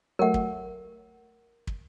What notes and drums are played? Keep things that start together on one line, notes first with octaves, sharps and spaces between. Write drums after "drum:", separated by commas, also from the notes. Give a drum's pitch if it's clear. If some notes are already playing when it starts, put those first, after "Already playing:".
F#3 A3 A#4 F#5
drum: kick
drum: kick